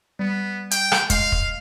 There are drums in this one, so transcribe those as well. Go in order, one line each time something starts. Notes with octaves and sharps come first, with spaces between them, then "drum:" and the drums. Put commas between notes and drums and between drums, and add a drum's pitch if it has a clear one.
G3 B3
G5, drum: hi-hat
drum: rim click
G#3 F5, drum: kick, hi-hat
drum: kick